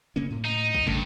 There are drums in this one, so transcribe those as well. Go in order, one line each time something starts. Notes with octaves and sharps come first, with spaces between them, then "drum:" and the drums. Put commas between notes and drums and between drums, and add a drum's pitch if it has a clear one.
C#3 A#3 C#4
A2
D#4
drum: kick
D#1 G2 C#3 A3